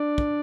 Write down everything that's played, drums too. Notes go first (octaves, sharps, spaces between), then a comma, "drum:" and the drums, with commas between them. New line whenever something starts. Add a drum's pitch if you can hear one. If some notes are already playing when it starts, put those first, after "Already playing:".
Already playing: D4 D5
drum: kick